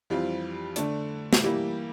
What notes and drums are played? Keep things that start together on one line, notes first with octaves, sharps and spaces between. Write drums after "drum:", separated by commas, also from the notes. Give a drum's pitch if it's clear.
F2 E3 G3 C4 F4
D3 A3 D4, drum: hi-hat
drum: snare
E3 G3 A#3 E4 G4